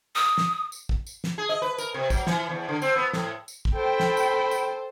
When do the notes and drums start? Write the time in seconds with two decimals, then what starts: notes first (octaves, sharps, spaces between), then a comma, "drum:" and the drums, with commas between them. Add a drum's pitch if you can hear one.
0.16 D#6
0.38 drum: snare
0.72 drum: tambourine
0.89 drum: kick
1.07 drum: tambourine
1.24 drum: snare
1.38 G#4
1.49 D#5
1.62 B4
1.78 A#4, drum: tambourine
1.94 C3
2.10 F#3, drum: kick, tambourine
2.27 E3, drum: snare
2.49 E2
2.69 D3
2.82 C4, drum: tambourine
2.96 B3
3.13 A2, drum: snare
3.48 drum: tambourine
3.65 drum: kick
3.75 A4 C5 G5 B5
4.00 drum: snare
4.17 drum: tambourine
4.51 drum: tambourine